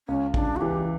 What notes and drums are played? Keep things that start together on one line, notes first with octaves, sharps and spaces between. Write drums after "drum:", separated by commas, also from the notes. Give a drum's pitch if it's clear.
C#2 C#4
C#2 D4, drum: kick
F#4
E3 G4